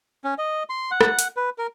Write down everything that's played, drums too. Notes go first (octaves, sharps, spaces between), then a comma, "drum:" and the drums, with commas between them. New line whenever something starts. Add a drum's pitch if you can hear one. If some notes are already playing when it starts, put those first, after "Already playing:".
C#4
D#5
C6
F#5
drum: rim click
drum: hi-hat
B4
A#4